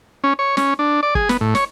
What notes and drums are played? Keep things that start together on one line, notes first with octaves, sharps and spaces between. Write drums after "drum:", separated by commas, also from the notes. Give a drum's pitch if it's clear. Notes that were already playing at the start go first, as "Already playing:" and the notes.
C#4
C#5
C#4, drum: snare
D4
D5
G#4, drum: kick
B3, drum: snare
A2
C#5, drum: snare